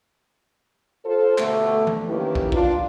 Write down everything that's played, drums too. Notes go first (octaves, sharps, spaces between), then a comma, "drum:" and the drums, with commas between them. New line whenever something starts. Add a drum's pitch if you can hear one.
F4 A4 C5
B2 D3 G3 A3, drum: clap
drum: tom E3
D#3 A#3 C#4 E4 G4 B4
drum: kick
D4 F4, drum: kick